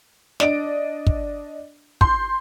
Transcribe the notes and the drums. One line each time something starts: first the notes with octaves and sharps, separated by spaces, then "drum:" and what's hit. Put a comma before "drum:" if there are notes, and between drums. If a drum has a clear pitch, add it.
D4 D5 D#5 D7, drum: snare
drum: kick
C6 G6, drum: kick